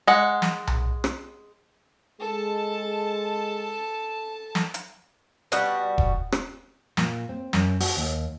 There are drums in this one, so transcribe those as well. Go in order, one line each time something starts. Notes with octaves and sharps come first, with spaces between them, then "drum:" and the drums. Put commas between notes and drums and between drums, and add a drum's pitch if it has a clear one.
G#3 F#5
drum: snare
drum: tom B1
drum: rim click
G#3 G#4 A4 A5
drum: snare
drum: hi-hat
B2 G3 F#4, drum: hi-hat
drum: kick E1
drum: rim click
A#2, drum: snare
C4
F#2, drum: snare
F#4, drum: open hi-hat
D#2